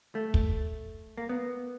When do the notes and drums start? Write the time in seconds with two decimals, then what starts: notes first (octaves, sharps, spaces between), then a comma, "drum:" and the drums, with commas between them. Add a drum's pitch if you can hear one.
0.15 A3
0.34 drum: kick
1.17 A#3
1.29 B3